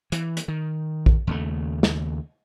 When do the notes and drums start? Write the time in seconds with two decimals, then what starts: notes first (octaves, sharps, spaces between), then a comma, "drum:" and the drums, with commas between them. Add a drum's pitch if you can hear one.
0.12 E3, drum: hi-hat
0.37 drum: hi-hat
0.48 D#3
1.06 drum: kick A#1
1.27 D#2 C#3 A3
1.83 drum: snare